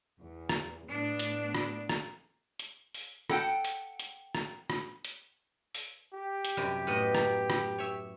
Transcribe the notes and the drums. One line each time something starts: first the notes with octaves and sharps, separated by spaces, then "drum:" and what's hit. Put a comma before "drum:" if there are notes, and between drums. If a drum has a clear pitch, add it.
E2
drum: rim click
A2 B3 D4
drum: hi-hat
drum: rim click
drum: rim click
drum: hi-hat
drum: open hi-hat
A4 F#5 G5, drum: rim click
drum: hi-hat
drum: hi-hat
drum: rim click
drum: rim click
drum: hi-hat
drum: open hi-hat
G4
drum: hi-hat
F#2 C3 G3
A2 B3 D#5
drum: rim click
drum: rim click
C#5 E5